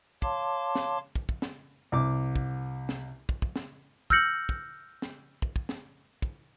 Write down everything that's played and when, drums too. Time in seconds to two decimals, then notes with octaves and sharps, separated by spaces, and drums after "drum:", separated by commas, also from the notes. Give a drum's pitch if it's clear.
0.22 C#5 F5 A5 C6 D6, drum: kick
0.75 drum: snare
1.15 drum: kick
1.29 drum: kick
1.42 drum: snare
1.92 C2 D6
2.36 drum: kick
2.89 drum: snare
3.29 drum: kick
3.42 drum: kick
3.56 drum: snare
4.10 E6 F6 G6 A#6 C#7 F#7, drum: kick
4.49 drum: kick
5.02 drum: snare
5.42 drum: kick
5.56 drum: kick
5.69 drum: snare
6.22 drum: kick